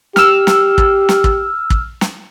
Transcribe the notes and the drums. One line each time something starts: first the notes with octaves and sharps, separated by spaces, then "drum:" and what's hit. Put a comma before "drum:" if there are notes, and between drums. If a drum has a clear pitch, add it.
G4 E6 F6, drum: snare
drum: snare
drum: kick
drum: snare
drum: kick
drum: kick
drum: snare